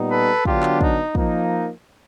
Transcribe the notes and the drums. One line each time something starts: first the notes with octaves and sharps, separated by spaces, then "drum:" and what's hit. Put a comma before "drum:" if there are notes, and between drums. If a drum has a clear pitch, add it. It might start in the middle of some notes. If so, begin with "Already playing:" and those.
Already playing: A#2 G3 B3 D#4
A4 B4
D3 F#3 B3 D4 F4 G4, drum: kick
drum: clap
D#4, drum: kick
F3 A#3 D#4, drum: kick